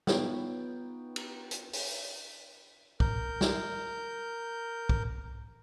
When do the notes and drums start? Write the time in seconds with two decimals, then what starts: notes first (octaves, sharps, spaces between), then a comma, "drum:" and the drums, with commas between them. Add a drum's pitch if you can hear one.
0.07 B3 D#4 F4 B4 C#5 G5, drum: snare
1.16 drum: cymbal
1.51 drum: hi-hat
1.73 drum: open hi-hat
3.00 A#4 G6, drum: kick
3.41 drum: snare
4.89 drum: kick